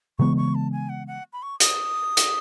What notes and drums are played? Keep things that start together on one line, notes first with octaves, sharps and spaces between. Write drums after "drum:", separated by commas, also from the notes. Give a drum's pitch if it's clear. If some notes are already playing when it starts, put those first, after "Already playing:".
C#3 E3 G#3 B3 C#6
C#6
A5
G#5
F#5
F#5
B5
C#6
D#6, drum: hi-hat
drum: hi-hat